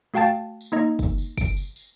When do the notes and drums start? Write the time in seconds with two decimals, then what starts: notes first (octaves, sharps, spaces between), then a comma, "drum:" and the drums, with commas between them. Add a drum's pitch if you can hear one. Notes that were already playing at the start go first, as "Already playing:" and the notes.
0.14 A3 F#4 F5 G5 A5 A6
0.61 drum: tambourine
0.72 A#3 D#4 D#5
0.99 drum: kick, tambourine
1.18 drum: tambourine
1.38 D7, drum: kick, tambourine
1.57 drum: tambourine
1.76 drum: tambourine